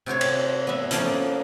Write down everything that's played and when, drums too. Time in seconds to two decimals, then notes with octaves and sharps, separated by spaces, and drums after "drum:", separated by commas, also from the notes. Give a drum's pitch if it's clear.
0.06 C3 F#4 C5 C#5
0.21 drum: cymbal
0.67 B3 E5
0.91 C#3 F3 A3 A#3, drum: hi-hat